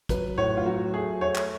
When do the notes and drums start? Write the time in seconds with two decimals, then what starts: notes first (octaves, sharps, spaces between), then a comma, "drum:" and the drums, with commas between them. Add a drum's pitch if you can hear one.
0.09 F#3 B4, drum: kick, hi-hat
0.37 A2 C#5
0.57 F4
0.65 F#3 F#4
0.93 A3 G#4
1.21 A3 C#5
1.35 drum: clap